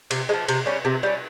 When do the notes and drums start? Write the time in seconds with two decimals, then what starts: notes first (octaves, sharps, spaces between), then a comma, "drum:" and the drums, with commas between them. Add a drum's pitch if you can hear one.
0.11 C3, drum: cymbal
0.29 G#3
0.33 F3
0.48 C3, drum: cymbal
0.66 G3 C#4
0.85 C3
1.03 G3 C#4